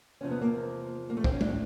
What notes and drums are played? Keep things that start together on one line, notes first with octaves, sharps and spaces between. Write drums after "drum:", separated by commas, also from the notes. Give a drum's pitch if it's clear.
E2 C3 F3 C#4
B3
A#3
A#3
A3
C4, drum: kick
C#4
D4, drum: tom G#3
A2